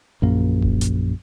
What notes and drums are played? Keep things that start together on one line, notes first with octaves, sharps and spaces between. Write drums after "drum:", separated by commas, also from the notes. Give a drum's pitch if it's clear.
A#1 F#2 A#3
drum: kick D#1
drum: hi-hat